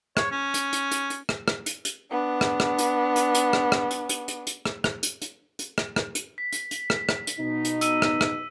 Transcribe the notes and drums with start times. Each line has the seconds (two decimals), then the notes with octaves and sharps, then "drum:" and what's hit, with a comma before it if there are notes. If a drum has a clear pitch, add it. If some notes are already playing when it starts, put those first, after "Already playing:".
0.17 C#5, drum: rim click
0.31 C#4
0.54 drum: hi-hat
0.73 drum: hi-hat
0.91 drum: hi-hat
1.10 drum: hi-hat
1.29 drum: rim click
1.48 drum: rim click
1.66 drum: hi-hat
1.85 drum: hi-hat
2.11 B3 D4
2.41 drum: rim click
2.60 drum: rim click
2.78 drum: hi-hat
3.16 drum: hi-hat
3.35 drum: hi-hat
3.53 drum: rim click
3.72 drum: rim click
3.91 drum: hi-hat
4.09 drum: hi-hat
4.28 drum: hi-hat
4.47 drum: hi-hat
4.66 drum: rim click
4.84 drum: rim click
5.03 drum: hi-hat
5.22 drum: hi-hat
5.59 drum: hi-hat
5.78 drum: rim click
5.96 drum: rim click
6.15 drum: hi-hat
6.38 B6
6.53 drum: hi-hat
6.71 drum: hi-hat
6.90 drum: rim click
7.09 drum: rim click
7.27 drum: hi-hat
7.39 B2 D#4
7.65 drum: hi-hat
7.81 E6 D#7, drum: hi-hat
8.02 drum: rim click
8.21 drum: rim click